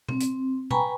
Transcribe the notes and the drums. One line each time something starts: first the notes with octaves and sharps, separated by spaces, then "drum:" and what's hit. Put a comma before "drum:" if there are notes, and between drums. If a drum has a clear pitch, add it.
C4, drum: tom B2
drum: hi-hat
B4 G5 G#5 A#5 B5 C#6, drum: tom B2